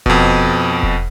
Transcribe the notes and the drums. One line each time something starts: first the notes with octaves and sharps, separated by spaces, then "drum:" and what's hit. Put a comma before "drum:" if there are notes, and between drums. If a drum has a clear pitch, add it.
F2 B2, drum: kick E1
drum: kick E1